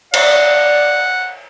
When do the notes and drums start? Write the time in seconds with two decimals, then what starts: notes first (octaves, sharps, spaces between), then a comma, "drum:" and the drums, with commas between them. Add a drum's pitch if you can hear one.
0.14 D5 F#5, drum: cymbal